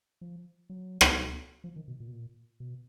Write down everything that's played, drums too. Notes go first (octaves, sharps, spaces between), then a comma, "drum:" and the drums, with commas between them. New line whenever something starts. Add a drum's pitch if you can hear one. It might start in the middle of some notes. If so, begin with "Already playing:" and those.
F3
F#3
drum: rim click
F3
D#3
B2
A#2
B2
A#2
B2